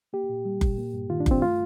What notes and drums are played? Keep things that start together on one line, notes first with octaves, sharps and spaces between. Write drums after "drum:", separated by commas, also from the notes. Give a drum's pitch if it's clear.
A#3 G4
A#2
G3
A#2, drum: kick F#1
A#3
G2
D#3 F4
D4
G2 C4, drum: kick F#1
A3 F4